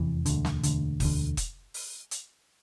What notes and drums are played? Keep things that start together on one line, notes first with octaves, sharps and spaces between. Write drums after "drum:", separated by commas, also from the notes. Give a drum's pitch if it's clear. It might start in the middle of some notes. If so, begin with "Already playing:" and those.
Already playing: F1 E2 C3 E3
E1 D2 D3, drum: hi-hat
drum: snare
E1 D2 D3, drum: hi-hat
E1 D2 D3, drum: kick, open hi-hat
drum: kick, hi-hat
drum: open hi-hat
drum: hi-hat